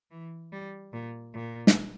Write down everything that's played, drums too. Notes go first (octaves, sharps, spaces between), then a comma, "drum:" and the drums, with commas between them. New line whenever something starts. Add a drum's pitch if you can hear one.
E3
G3
A#2
A#2
drum: snare